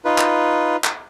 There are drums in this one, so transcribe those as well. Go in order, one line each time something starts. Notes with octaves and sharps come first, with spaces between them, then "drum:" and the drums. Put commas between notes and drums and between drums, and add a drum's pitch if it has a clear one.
D#4 F4 B4
drum: clap
drum: clap